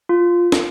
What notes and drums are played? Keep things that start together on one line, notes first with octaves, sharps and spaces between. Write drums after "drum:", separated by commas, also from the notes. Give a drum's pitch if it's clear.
F4
drum: snare